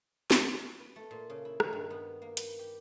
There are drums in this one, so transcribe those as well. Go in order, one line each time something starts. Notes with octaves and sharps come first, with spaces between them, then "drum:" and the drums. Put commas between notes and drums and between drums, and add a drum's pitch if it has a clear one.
drum: snare
B4
A3
A#2
C#3
E4
D#3, drum: rim click
G2
B3
A#3
B4, drum: hi-hat
G4